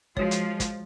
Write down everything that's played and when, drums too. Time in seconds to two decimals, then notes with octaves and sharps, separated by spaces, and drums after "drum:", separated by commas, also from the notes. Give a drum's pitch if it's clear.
0.17 F3 G#3 F#4 C#5, drum: kick
0.31 drum: hi-hat
0.60 drum: kick, hi-hat